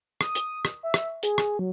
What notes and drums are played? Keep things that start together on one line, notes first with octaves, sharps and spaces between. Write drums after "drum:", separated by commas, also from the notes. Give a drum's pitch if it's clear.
D#6, drum: rim click
drum: hi-hat
drum: rim click
E5
drum: rim click
G#4, drum: hi-hat
drum: rim click
F#3